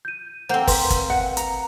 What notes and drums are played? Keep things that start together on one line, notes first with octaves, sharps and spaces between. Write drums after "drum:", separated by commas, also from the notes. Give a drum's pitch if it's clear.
G6 D#7
A#3 C4 C5 F#5 G6
B4 C6, drum: kick, open hi-hat
drum: kick, hi-hat
F#5
A#5, drum: hi-hat